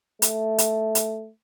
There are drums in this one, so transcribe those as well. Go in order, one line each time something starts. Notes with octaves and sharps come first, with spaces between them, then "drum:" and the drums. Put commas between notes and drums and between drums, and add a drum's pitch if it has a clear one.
A3, drum: hi-hat
drum: hi-hat
drum: hi-hat